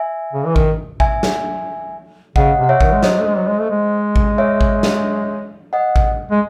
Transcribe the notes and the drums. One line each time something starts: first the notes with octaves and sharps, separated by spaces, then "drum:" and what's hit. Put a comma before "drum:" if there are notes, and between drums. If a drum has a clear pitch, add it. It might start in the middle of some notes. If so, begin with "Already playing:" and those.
Already playing: E5 G#5
C#3
E3
D#3, drum: kick G#1
E5 G#5, drum: kick G#1
drum: snare
C#3 D#5 F#5, drum: kick G#1
C3
F#5
C#5 E5
D#3, drum: kick G#1
G#3
F#3 C5 D#5, drum: snare
A3
G#3
F#3
G#3
A3
G#3
drum: kick G#1
C#5 E5
drum: kick G#1
drum: snare
D#5 F#5
drum: kick G#1
G#3